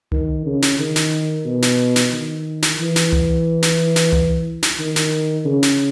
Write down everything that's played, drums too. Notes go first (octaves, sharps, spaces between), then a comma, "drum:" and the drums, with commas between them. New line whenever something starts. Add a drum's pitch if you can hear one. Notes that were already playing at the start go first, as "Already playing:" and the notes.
D#3, drum: tom C2
C#3
drum: snare
D#3
drum: snare
B2
drum: snare
drum: snare
D#3
drum: snare
E3
drum: snare
drum: tom C2
drum: snare
drum: snare
drum: tom C2
drum: snare
D#3
drum: snare
C#3
drum: snare